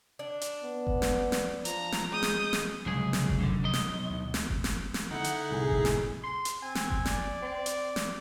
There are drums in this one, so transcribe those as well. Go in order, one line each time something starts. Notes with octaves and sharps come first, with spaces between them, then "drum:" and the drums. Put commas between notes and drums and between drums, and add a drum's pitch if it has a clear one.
D4
drum: hi-hat
B3
drum: kick F#1
drum: snare
drum: snare
F3 A#5, drum: hi-hat
drum: snare
G#3 D#6 G6
drum: snare
drum: snare
F1 C#2 F#3 G3 G#4
drum: snare
drum: kick F#1
F#2 D3
B1 D#5
drum: snare
D2
drum: snare
drum: kick F#1
drum: snare
drum: snare
D3 D#4 E4 F#5
drum: hi-hat
C2 A2 G#4 G#5
drum: kick F#1
drum: snare
C6
drum: hi-hat
C4 G#5
drum: snare
drum: kick F#1
D5, drum: snare
C4
drum: hi-hat
drum: snare